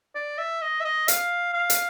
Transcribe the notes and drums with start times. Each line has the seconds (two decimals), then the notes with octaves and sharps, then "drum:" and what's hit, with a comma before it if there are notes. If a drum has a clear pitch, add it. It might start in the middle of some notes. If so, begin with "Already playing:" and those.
0.15 D5
0.38 E5
0.62 D#5
0.80 E5
0.85 D#5
1.08 F5, drum: hi-hat
1.54 F5
1.70 drum: hi-hat